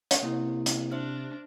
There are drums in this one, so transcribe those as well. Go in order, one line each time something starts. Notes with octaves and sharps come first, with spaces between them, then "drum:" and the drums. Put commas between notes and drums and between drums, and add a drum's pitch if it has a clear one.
drum: hi-hat
C3 A#3 E4
drum: hi-hat
D4 C5 E5 F6